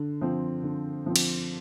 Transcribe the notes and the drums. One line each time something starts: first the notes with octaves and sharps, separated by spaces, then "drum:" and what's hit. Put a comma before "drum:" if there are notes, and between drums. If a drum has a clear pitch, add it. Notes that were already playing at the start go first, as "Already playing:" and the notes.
Already playing: D3
F3 C4
D3
F3 C4
drum: cymbal